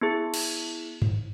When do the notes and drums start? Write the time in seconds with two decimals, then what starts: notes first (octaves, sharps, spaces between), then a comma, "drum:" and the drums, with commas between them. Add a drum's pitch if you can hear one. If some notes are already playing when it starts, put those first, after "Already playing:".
0.01 B3 E4 G#4
0.34 drum: cymbal
1.02 drum: tom G2